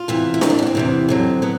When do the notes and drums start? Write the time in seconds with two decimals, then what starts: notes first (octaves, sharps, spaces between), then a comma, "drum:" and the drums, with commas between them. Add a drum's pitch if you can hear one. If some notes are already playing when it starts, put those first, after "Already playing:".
Already playing: F4
0.08 E2 C3 E3
0.34 E4
0.41 E2 C3 E3 D#4, drum: snare D4
0.50 D4
0.59 C#4
0.62 B3
0.67 C4
0.75 E2 C3 E3
1.09 F2 D3 F#3
1.42 F#3 B3